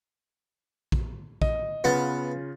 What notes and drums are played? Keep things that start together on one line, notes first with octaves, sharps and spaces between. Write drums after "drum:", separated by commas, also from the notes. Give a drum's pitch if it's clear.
drum: kick A#1
D#5, drum: kick A#1
C#3 B3 F4 A6